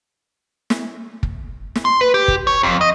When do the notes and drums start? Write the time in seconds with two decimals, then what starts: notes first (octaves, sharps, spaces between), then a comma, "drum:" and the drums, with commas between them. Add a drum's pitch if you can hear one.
0.70 drum: snare
1.23 drum: kick
1.75 drum: snare
1.85 C6
2.01 B4
2.14 G4
2.28 drum: kick
2.47 C#5
2.63 F2
2.81 D#5